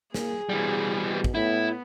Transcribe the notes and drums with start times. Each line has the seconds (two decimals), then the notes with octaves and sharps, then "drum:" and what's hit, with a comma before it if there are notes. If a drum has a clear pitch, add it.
0.14 A#3 G#4, drum: snare
0.49 B2 E3 G3
1.24 drum: kick
1.35 A2 B3 E4